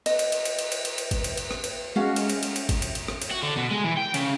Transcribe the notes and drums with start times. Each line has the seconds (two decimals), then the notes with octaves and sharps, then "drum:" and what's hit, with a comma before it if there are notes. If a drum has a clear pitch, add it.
0.06 B4 D#5, drum: cymbal
0.19 drum: cymbal
0.32 drum: cymbal
0.45 drum: cymbal
0.59 drum: cymbal
0.72 drum: cymbal
0.85 drum: cymbal
0.98 drum: cymbal
1.11 drum: kick, cymbal
1.24 drum: cymbal
1.37 drum: cymbal
1.51 drum: rim click
1.64 drum: cymbal
1.96 G#3 C#4 F#4 F5
2.16 drum: cymbal
2.30 drum: cymbal
2.43 drum: cymbal
2.56 drum: cymbal
2.69 drum: kick, cymbal
2.82 drum: cymbal
2.95 drum: cymbal
3.08 drum: rim click
3.22 drum: cymbal
3.31 F#4
3.42 D3
3.57 B2
3.71 G#3
3.84 E3
3.97 G5
4.14 C#3, drum: cymbal